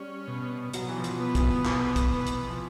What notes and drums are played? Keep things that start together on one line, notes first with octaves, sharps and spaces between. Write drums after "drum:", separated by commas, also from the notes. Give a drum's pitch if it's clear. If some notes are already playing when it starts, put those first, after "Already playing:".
Already playing: G3 C#4
B2
B2 F#3, drum: hi-hat
E3
F3
F#3, drum: hi-hat
B3
E3, drum: kick, hi-hat
B2 E3, drum: clap
drum: kick, hi-hat
B2
drum: hi-hat
F3